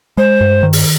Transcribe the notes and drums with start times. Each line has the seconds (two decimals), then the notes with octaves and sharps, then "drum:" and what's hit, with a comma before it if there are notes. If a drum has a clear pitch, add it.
0.17 G#3 C5
0.41 G2
0.63 D#3
0.73 drum: open hi-hat